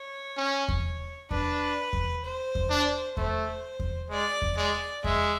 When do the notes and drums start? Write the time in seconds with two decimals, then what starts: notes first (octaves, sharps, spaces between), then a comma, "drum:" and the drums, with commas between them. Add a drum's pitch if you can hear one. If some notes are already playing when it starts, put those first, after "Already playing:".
Already playing: C#5
0.37 C#4
0.68 drum: kick E2
1.31 D4 B4, drum: kick E2
1.93 drum: kick E2
2.24 C5
2.55 drum: kick E2
2.70 D4
3.17 A3 C5, drum: kick E2
3.80 drum: kick E2
4.10 G#3 D5
4.42 drum: kick E2
4.57 G#3 D5
5.04 G#3 E5, drum: kick E2